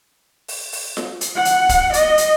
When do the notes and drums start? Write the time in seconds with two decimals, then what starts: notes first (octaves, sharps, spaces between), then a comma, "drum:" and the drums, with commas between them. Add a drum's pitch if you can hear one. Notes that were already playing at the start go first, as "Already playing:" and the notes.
0.48 drum: open hi-hat
0.73 drum: open hi-hat
0.97 drum: snare F4
1.21 drum: hi-hat
1.36 F#5
1.45 drum: hi-hat
1.69 drum: kick, hi-hat
1.93 D#5, drum: hi-hat
2.18 drum: hi-hat